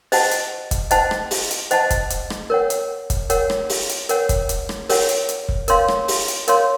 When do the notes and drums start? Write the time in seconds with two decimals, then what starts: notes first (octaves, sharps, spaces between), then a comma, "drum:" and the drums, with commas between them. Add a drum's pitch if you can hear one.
0.12 C5 D#5 F#5 A5, drum: open hi-hat
0.31 drum: hi-hat
0.71 drum: kick, hi-hat
0.91 C5 D#5 F#5 A5, drum: hi-hat
1.11 drum: rim click
1.31 drum: open hi-hat
1.51 drum: hi-hat
1.71 C5 D#5 F#5 A5, drum: hi-hat
1.90 drum: kick, hi-hat
2.10 drum: hi-hat
2.30 drum: rim click
2.50 A#4 C#5 F#5
2.70 drum: hi-hat
3.10 drum: kick, hi-hat
3.30 A#4 C#5 F#5, drum: hi-hat
3.50 drum: rim click
3.69 drum: open hi-hat
3.89 drum: hi-hat
4.09 A#4 C#5 F#5, drum: hi-hat
4.29 drum: kick, hi-hat
4.49 drum: hi-hat
4.69 drum: rim click
4.89 A#4 C#5 F#5, drum: open hi-hat
5.09 drum: hi-hat
5.29 drum: hi-hat
5.49 drum: kick
5.68 A#4 C#5 F5 C6, drum: hi-hat
5.88 drum: rim click
6.08 drum: open hi-hat
6.28 drum: hi-hat
6.48 A#4 C#5 F5 C6, drum: hi-hat